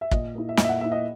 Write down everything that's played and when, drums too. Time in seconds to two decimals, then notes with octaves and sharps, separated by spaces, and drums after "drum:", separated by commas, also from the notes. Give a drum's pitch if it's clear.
0.01 E5
0.11 A#2 D#5, drum: kick
0.35 A#3 E4
0.49 E5
0.57 A#2 D#5, drum: snare
0.64 E5
0.69 F#5
0.81 A#3 E4 E5
0.92 D#5